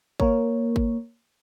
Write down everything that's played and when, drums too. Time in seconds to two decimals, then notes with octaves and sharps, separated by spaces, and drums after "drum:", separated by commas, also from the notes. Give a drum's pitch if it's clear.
0.20 A#3 A#4 C#5, drum: kick G#1
0.76 drum: kick G#1